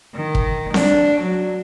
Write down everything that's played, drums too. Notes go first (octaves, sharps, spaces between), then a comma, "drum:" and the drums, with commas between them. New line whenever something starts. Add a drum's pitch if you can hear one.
D#3
drum: kick
D4, drum: snare C4
F#3